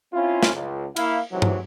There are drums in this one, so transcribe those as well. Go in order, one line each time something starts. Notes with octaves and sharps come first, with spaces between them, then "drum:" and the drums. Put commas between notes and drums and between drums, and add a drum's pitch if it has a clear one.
C4 C#4 E4 F4
drum: snare
C#2
A#3 E4 F5, drum: cymbal
D2 G#2 C3 E3 F#3
drum: tom G2